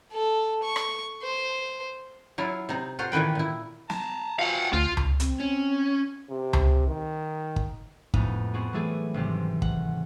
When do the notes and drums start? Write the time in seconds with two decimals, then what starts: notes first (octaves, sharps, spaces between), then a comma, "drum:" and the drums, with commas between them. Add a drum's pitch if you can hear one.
0.13 A4
0.64 C#6
0.76 drum: rim click
1.22 C5
2.38 F#3 E4 F4
2.69 C3 D#4
2.99 F4 F#4 C5
3.12 A#2 D#3 E3 B4 G5
3.35 A#2 E4
3.90 A5 A#5, drum: snare
4.39 F3 F#3 F5 F#5
4.73 D2 F4
4.97 drum: tom C#2
5.20 C4, drum: hi-hat
5.40 C#4
6.30 C3
6.53 drum: tom C#2
6.88 D#3
7.56 drum: kick
8.14 F2 A2 G#3 B3 D#4, drum: kick
8.54 B3 C4 F#4 G#4
8.73 E3 F#3 G3 A3 G#4 A4
9.14 G#1 C3 C4 G4
9.62 F#5, drum: kick